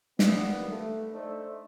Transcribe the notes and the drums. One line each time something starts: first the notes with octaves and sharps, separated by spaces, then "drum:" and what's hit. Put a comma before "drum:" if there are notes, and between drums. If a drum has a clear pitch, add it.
D#3 G3 A#3 B3, drum: snare
A3
A3 D4 D#4 C5 E5